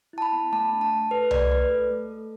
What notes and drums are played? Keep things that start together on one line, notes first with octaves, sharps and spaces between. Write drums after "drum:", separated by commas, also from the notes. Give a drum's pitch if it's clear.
E4 A5
B5
B3
A3 A5
D4
A5
A3
A4 B4
A3 D5, drum: tom C2
A3 B4
A4
A3
A4